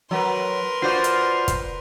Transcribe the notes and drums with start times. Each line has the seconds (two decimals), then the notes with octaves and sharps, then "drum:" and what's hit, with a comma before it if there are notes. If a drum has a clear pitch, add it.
0.11 F#3 A#4 B4 C6
0.82 F4 F#4 C5 D5 F6
1.04 drum: hi-hat
1.48 drum: kick, hi-hat